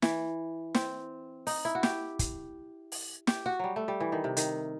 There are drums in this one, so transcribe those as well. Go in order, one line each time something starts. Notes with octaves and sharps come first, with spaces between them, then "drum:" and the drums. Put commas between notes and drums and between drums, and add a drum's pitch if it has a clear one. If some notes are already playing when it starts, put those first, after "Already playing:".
E3, drum: snare
C4, drum: snare
D#4, drum: open hi-hat
E4
F#4
G4, drum: snare
drum: kick, hi-hat
drum: open hi-hat
G4, drum: snare
F#4
F#3 G3
A3
G3
E3
D#3
C3
D#3, drum: hi-hat